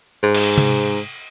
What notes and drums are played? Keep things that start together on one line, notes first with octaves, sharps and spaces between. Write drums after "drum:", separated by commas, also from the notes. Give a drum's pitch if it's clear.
G#2
drum: cymbal
drum: tom C3